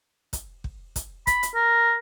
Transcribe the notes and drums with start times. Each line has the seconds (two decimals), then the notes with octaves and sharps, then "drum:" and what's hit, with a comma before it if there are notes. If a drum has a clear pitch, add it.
0.33 drum: kick, hi-hat
0.64 drum: kick
0.96 drum: kick, hi-hat
1.27 B5, drum: kick, hi-hat
1.43 drum: hi-hat
1.55 A#4